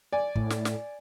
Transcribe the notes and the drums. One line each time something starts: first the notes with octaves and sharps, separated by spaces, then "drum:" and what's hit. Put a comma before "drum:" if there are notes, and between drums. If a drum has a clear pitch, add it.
D5 G#5
A2, drum: kick
drum: snare
drum: snare